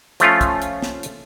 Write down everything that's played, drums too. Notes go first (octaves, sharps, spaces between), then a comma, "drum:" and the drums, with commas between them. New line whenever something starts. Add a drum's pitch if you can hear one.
F3 A3 C#4 F4, drum: hi-hat
drum: kick, hi-hat
drum: hi-hat
drum: snare
drum: hi-hat